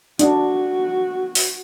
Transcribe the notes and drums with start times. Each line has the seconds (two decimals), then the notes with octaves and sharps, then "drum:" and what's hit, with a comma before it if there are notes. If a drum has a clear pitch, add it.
0.19 D4 F#4, drum: hi-hat
1.35 drum: open hi-hat